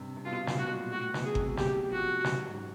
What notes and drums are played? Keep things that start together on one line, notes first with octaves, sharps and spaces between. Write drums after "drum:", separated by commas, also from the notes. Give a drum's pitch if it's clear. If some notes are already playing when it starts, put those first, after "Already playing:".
Already playing: G2 C3
C3
B2 F4
drum: snare
B2 F#4
A#2
A2 F#4
B2, drum: snare
G#4
C3, drum: kick G1
G4, drum: snare
F3 F#4
C#3, drum: snare
G#2